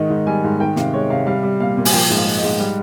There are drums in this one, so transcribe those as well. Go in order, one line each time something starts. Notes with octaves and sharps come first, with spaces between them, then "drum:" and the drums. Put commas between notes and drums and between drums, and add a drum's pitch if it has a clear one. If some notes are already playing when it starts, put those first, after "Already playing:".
Already playing: G#2 D#3 D#5
G#2
G3 G#5
G#2
D#3 G5
C3 F5, drum: snare
G#3 C#5
C3 F5
G3 F5
G3
A#2 F5
A#2
G#5, drum: open hi-hat
F3 G5
G#2
F5
G#3
D#5
G#2
G3